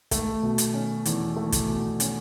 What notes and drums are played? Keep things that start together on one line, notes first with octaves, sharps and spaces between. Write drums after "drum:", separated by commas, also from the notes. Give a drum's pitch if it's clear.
A3, drum: kick, hi-hat
B2
drum: hi-hat
C#4
E2, drum: hi-hat
A3
drum: kick, hi-hat
B2
C#4, drum: hi-hat